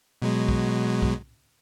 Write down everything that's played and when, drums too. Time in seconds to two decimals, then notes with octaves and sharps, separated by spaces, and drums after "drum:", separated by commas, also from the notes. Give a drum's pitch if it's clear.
0.22 B2 F#3 G#3
0.49 drum: kick
1.02 drum: kick